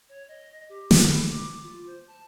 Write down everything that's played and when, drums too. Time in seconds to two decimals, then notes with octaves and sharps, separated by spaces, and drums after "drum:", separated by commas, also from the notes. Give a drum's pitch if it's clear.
0.09 C#5
0.28 D#5
0.69 G4
0.91 drum: snare
1.09 B5
1.29 D6
1.63 F4
1.87 C5
2.07 A5